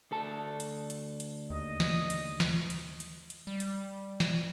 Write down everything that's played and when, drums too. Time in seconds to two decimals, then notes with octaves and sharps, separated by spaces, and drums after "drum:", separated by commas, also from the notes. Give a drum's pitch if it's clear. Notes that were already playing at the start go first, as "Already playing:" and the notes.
0.11 D2 A4 A5
0.60 drum: hi-hat
0.90 drum: hi-hat
1.20 drum: hi-hat
1.50 D#2 D#5
1.80 drum: snare
2.10 drum: hi-hat
2.40 drum: snare
2.70 drum: hi-hat
3.00 drum: hi-hat
3.30 drum: hi-hat
3.47 G3
3.60 drum: hi-hat
4.20 drum: snare